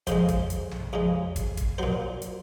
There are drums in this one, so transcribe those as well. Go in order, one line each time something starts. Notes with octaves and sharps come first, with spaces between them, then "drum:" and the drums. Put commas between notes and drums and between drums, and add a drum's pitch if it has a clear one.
F2 C#3 G#3 C5, drum: kick, hi-hat
drum: kick, hi-hat
drum: hi-hat
drum: tom
F2 C#3 G#3
drum: kick, hi-hat
drum: kick, hi-hat
A#2 F#3 C5
drum: hi-hat